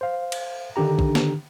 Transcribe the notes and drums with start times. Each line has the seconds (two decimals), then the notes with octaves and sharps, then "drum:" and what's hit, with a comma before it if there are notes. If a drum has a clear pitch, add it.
0.01 C5 F5
0.32 drum: cymbal
0.76 D3 D#3 D4 G4 A#5
0.99 drum: kick
1.15 drum: snare